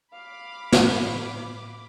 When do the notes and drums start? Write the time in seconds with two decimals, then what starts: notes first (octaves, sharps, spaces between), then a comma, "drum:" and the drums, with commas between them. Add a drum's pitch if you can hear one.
0.13 F5 B5 D6
0.72 A2, drum: snare